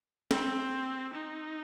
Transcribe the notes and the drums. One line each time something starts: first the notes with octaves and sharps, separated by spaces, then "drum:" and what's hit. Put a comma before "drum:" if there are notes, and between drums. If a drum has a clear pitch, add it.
C4, drum: snare
D#4